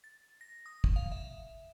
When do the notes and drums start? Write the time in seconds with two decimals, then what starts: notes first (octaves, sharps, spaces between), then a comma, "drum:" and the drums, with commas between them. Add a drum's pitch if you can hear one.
0.04 A6
0.41 A#6
0.66 D#6
0.84 drum: kick
0.96 F5
1.12 E5